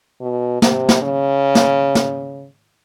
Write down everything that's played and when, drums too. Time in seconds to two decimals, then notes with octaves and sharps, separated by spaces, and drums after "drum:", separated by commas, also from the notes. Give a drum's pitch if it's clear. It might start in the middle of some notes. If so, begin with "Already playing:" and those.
0.21 B2
0.62 C3, drum: snare
0.89 drum: snare
1.02 C#3
1.55 drum: snare
1.95 drum: snare